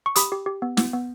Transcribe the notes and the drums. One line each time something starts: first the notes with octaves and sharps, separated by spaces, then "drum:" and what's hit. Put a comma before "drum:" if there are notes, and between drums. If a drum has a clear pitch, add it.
C#6
G4 B5 D#6, drum: hi-hat
G4
G4
B3
B3, drum: snare
B3